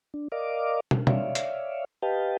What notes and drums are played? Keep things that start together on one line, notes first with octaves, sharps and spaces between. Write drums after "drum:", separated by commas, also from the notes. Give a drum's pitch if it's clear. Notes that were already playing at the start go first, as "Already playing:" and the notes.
D4
A#4 D5 D#5 F5 D6
drum: tom
C#5 D5 E5 F5, drum: tom
drum: hi-hat
G4 B4 D#5 F5 G5 A5